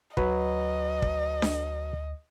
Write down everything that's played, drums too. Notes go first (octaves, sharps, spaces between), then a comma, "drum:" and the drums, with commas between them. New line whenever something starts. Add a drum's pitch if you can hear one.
D2 F#3 B4 D#5, drum: kick
drum: kick
drum: snare D4